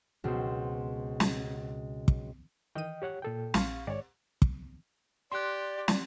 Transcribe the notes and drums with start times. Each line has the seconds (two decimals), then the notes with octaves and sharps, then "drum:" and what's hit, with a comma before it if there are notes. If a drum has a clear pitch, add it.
0.24 C#2 B2 C4
1.20 drum: snare
2.08 drum: kick
2.75 D#3 E3 D#5 G5 D#7
3.02 G4 C#5 F#5
3.22 A#2 A4 G5
3.54 A#1 F5 C6 C#6, drum: snare
3.87 G#2 D#3 G#3 C#5 D5
4.42 drum: kick
5.32 G4 D5 C6 F#6
5.88 drum: snare